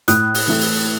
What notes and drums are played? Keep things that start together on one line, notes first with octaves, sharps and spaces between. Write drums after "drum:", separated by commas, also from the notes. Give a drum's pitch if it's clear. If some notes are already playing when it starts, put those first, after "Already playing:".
A2 D#6 F#6, drum: hi-hat
drum: open hi-hat
E3 A3
drum: open hi-hat